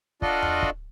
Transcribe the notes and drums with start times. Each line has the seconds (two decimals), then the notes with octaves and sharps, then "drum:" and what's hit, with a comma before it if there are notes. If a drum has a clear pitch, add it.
0.22 D4 F4 F#4 A4 D5 D#5, drum: kick
0.42 drum: tom E2
0.63 drum: kick